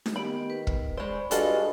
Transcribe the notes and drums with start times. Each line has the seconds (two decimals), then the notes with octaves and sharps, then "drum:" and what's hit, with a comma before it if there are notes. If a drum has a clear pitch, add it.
0.06 drum: snare D#4
0.16 D#3 B3 G4 B5
0.50 B4
0.67 drum: kick
0.97 G#3 C5 D5 B5 C#6
1.31 G2 G#3 F4 F#4 A4, drum: hi-hat